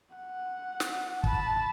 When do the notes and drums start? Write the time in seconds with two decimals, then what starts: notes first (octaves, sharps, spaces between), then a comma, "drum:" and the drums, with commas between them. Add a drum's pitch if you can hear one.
0.15 F#5
0.80 drum: snare
1.24 A5 B5, drum: kick